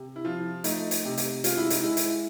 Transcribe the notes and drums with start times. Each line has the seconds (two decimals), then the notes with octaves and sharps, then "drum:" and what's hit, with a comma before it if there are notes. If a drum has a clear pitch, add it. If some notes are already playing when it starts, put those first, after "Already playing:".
Already playing: C3
0.16 E4
0.25 F3 F4
0.64 A3 D#4, drum: hi-hat
0.91 drum: hi-hat
1.05 C3
1.17 drum: hi-hat
1.44 G#3 F4, drum: hi-hat
1.57 E4
1.70 D#4, drum: hi-hat
1.83 G#3 E4
1.97 drum: hi-hat